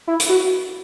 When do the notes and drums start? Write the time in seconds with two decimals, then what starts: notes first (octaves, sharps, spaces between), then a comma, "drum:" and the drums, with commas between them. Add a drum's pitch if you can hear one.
0.08 E4
0.20 drum: hi-hat
0.29 F#4